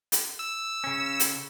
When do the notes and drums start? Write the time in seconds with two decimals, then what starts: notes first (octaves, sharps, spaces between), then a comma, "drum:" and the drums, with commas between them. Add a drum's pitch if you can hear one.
0.12 drum: hi-hat
0.39 E6
0.84 C#3 C#4
1.20 drum: hi-hat